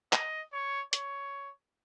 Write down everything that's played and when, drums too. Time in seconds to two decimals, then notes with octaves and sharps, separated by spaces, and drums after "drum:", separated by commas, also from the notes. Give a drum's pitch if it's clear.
0.13 D#5, drum: clap
0.53 C#5
0.93 C#5, drum: hi-hat